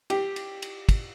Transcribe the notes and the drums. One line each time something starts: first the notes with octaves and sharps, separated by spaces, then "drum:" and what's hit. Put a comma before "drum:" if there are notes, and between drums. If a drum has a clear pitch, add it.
G4, drum: cymbal
drum: cymbal
drum: cymbal
drum: kick, cymbal